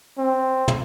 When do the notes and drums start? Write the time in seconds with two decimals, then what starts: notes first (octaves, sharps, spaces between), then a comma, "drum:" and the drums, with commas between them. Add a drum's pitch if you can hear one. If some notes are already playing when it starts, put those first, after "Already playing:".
0.18 C4
0.68 drum: tom